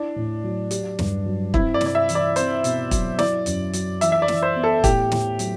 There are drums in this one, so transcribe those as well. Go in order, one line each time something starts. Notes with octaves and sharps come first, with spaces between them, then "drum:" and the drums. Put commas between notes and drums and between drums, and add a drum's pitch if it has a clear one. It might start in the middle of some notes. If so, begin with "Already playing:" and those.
Already playing: D4 E4
A2
F#3
G4, drum: hi-hat
G2, drum: snare
F#3
C4 E4, drum: kick
D5
C3, drum: snare
D5
E5
E3, drum: hi-hat
D5
C4 C5, drum: hi-hat
B2, drum: hi-hat
F#3, drum: kick, hi-hat
E4 D5, drum: snare
F#2, drum: hi-hat
F#3, drum: hi-hat
E3 E5, drum: hi-hat
E5
D5
E3, drum: snare
C5
B3
A4
A2 G4, drum: kick, hi-hat
A2, drum: snare
F#3, drum: hi-hat